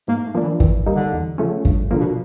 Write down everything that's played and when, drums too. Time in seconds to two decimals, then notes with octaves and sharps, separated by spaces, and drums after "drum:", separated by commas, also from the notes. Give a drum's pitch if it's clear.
0.08 G#2 A#3
0.26 A3
0.35 F3 A#3 D4
0.43 E3
0.60 D#3 E3, drum: kick
0.86 G3 A#3 D#4
0.95 D3
1.13 E2
1.38 C#3 F3 A3 C#4
1.65 G2 C#3, drum: kick
1.91 D3 F3 A#3
2.00 B2